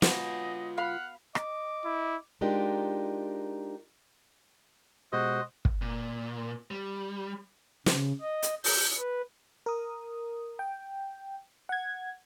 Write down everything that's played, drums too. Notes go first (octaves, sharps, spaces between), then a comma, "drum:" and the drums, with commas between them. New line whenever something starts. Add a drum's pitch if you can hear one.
B3 F4 F#4 B4 D#5 G5, drum: snare
F5 F#5 B5
D#5 D6, drum: rim click
E4
G#3 D4 D#4 F4 G4 A#4
B2 G#3 F#4 G4 C5 D#5
drum: kick
A#2
G3
C#3, drum: snare
D#5
drum: hi-hat
G6, drum: open hi-hat
B4
A#4 D#6
G5
F#5 G#6